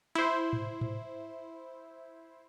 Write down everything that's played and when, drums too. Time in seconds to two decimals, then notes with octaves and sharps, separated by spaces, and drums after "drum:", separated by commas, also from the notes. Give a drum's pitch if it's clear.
0.15 E4 C5, drum: hi-hat
0.53 drum: tom G#2
0.81 drum: tom G#2